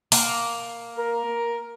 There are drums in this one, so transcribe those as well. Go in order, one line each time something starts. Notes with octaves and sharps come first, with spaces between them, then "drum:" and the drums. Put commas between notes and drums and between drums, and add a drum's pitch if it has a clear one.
A#3, drum: open hi-hat
A#4